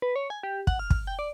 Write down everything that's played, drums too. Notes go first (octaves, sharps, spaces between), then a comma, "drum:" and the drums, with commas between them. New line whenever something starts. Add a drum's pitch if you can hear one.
B4
C#5
G#5
G4
F#5, drum: kick
F6
drum: kick
G5
D5